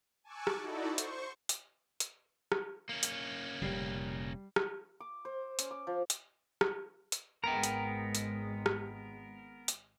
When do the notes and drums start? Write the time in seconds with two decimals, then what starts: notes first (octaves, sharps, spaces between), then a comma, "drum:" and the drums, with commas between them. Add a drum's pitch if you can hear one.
0.24 G#5 A5 C#6 D6 E6 F#6
0.47 drum: rim click
0.57 D#4 E4 F#4 A4 D5
0.88 C5 C#6
0.98 drum: hi-hat
1.49 drum: hi-hat
2.00 drum: hi-hat
2.52 drum: rim click
2.89 A#3 C#4 C#7
3.03 drum: hi-hat
3.62 F1 A#2 C#3 G3 C7
4.56 drum: rim click
5.00 D6
5.25 C5
5.59 C#4, drum: hi-hat
5.71 D6
5.87 F3
6.10 drum: hi-hat
6.61 drum: rim click
7.12 drum: hi-hat
7.44 G#1 G#2 G#3 B3 A#4 G5 A#5
7.63 drum: hi-hat
8.15 drum: hi-hat
8.66 drum: rim click
9.68 drum: hi-hat